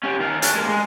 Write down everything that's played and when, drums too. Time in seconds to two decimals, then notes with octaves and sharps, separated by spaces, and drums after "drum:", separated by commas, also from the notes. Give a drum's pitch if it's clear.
0.04 C#4 G4
0.20 D#3 F5
0.42 C#4 D4, drum: hi-hat
0.54 G#3 A#3
0.69 G#3